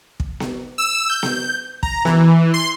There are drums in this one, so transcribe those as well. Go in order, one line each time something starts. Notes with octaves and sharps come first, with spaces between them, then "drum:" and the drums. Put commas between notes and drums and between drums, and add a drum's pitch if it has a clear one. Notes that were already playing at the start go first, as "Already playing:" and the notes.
drum: kick
drum: snare B3
E6
G6
drum: snare B3
A#5, drum: kick
E3, drum: snare B3
C6